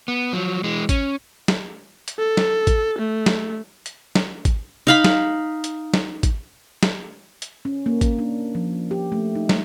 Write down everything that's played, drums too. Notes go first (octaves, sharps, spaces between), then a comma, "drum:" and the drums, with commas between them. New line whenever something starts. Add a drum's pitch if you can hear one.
B3
F3 F#3
E3 G#3
C#4, drum: kick, hi-hat
drum: snare
drum: hi-hat
A4
drum: snare
drum: kick, hi-hat
A3
drum: snare
drum: hi-hat
drum: snare
drum: kick, hi-hat
D#4 F5 B5
drum: snare
drum: hi-hat
drum: snare
drum: kick, hi-hat
drum: snare
drum: hi-hat
C#4
A#3
drum: kick, hi-hat
D4
F3
G4
A3
D#4
G3, drum: snare